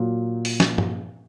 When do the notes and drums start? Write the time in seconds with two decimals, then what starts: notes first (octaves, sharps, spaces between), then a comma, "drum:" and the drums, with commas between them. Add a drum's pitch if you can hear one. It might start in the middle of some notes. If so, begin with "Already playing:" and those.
Already playing: A#2 F#3
0.45 drum: open hi-hat
0.60 drum: snare
0.78 drum: tom G2